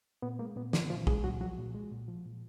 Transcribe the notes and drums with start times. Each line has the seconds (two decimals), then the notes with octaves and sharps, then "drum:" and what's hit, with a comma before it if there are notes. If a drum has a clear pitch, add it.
0.22 A#2 B3
0.39 G#3 A#3
0.56 A#2 B3
0.73 D3 F3 D4, drum: snare
0.90 A#2 F3 F4
1.07 G#3 G#4, drum: kick
1.24 A#2 F#3 F#4
1.41 F3 F#3 F#4
1.58 A#2
1.74 G#3
1.92 A#2
2.08 F3
2.26 A#2